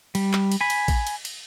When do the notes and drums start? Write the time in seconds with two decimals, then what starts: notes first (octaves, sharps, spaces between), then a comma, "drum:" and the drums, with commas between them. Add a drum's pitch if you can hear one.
0.15 G3, drum: cymbal
0.33 drum: clap
0.52 drum: cymbal
0.61 G#5 B5
0.70 drum: cymbal
0.88 drum: kick A1, cymbal
1.07 drum: cymbal
1.25 drum: cymbal